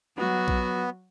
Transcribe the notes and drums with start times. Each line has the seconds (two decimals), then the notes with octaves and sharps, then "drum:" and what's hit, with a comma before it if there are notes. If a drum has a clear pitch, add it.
0.18 F#3 B3 F#4, drum: tom G3
0.48 drum: kick A#1